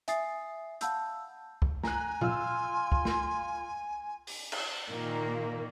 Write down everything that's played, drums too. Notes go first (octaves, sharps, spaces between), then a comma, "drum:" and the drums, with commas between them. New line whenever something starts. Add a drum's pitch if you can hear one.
E5 G#5 D#6 A6 C7, drum: hi-hat
F5 F#5 A5 B5 E6 G6, drum: hi-hat
drum: kick
G#5 A#5 F#6, drum: snare
F4 C6 E6, drum: tom A#2
drum: kick
drum: snare
drum: open hi-hat
drum: cymbal
A#2 D#3 A#3